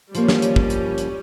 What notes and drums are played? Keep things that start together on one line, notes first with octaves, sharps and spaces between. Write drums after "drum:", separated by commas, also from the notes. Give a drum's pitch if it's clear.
F3 G3 A#3 C#4, drum: hi-hat
drum: snare
drum: hi-hat
drum: kick
drum: hi-hat
drum: hi-hat